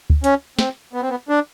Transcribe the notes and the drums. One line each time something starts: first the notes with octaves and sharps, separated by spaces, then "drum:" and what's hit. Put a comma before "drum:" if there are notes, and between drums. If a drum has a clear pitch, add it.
drum: kick D2
C#4, drum: hi-hat
C4, drum: snare
B3
C4
B3
D4